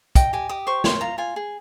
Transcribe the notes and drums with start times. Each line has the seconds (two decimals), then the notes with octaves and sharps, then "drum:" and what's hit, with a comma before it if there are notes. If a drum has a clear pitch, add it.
0.15 D#5 G5, drum: kick, hi-hat
0.33 G4 G#5
0.49 G4 D#6
0.67 C5 C#6
0.84 C#5 C6, drum: snare
1.01 F4 A#5
1.18 F4 G#5
1.36 G#4